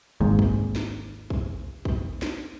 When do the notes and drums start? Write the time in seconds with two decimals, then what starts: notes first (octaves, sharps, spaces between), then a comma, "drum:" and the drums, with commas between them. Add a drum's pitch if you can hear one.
0.21 G#1 D#2 G#2
0.39 drum: kick
0.75 drum: snare
1.30 drum: kick
1.85 drum: kick
2.22 drum: snare